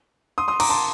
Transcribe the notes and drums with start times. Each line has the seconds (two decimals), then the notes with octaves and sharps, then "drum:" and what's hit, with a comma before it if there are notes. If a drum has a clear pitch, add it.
0.38 C6 D#6
0.48 C6 D#6
0.60 A#5 D6, drum: cymbal
0.69 A5 C6